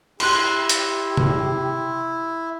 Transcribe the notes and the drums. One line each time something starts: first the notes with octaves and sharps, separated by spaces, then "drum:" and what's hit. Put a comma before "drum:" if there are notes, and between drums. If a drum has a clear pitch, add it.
E4 G4 C6 F#6, drum: cymbal
drum: hi-hat
drum: tom C3